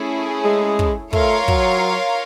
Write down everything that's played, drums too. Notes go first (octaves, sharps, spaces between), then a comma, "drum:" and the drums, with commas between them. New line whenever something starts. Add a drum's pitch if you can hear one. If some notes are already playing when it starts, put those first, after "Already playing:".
Already playing: A3 C#4 E4 G#4
G#3
drum: kick
A3 F4 A#4 C#5 F5, drum: kick
F#3, drum: kick